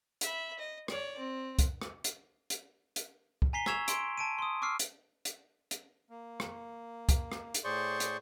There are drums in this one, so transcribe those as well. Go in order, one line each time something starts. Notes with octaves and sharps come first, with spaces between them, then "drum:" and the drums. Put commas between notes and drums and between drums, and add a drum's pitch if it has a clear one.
E5 B5, drum: hi-hat
D#5
C#5 D5, drum: rim click
C4
drum: kick, hi-hat
drum: rim click
drum: hi-hat
drum: hi-hat
drum: hi-hat
drum: kick
G#5 A#5 B6 C7 G7
C#6 E6 G#6 E7 F7, drum: rim click
C6 D7, drum: hi-hat
A5 D7 D#7
C6 D#6
C#6 D6 E6 F6 C7
drum: hi-hat
drum: hi-hat
drum: hi-hat
A#3
drum: rim click
drum: kick, hi-hat
drum: rim click
drum: hi-hat
A2 G#4 C5 D5 C6 C#6
drum: hi-hat